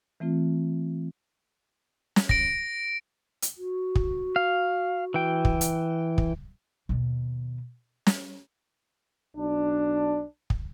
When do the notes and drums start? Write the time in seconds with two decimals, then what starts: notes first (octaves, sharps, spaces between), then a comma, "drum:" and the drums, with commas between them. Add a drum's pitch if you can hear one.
0.20 E3 A3 C4 F4
2.16 drum: snare
2.29 A#6 D7, drum: kick
3.42 drum: hi-hat
3.58 F#4
3.95 drum: kick
4.36 F5
5.14 E3 G5
5.45 drum: kick
5.61 drum: hi-hat
6.18 drum: kick
6.89 D#2 B2
8.07 drum: snare
9.37 B1 D4
10.50 drum: kick